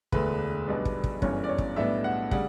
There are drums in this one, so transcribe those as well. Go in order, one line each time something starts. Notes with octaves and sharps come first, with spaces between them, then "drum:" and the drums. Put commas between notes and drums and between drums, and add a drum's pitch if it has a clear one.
E1 D2 D3 B4, drum: kick
B1 B2 G3 B3 D4
drum: kick
drum: kick
G1 F#2 E3 G3 C#4 C#5, drum: kick
D5
C#5
drum: kick
B1 A2 G3 B3 D4 E5
F#5
C#3 G3 F#5, drum: kick